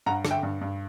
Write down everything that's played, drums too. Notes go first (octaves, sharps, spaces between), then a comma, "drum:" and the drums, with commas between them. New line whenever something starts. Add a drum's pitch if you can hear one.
G2 F#5 A#5
D3, drum: rim click
E5 G5
G2
G2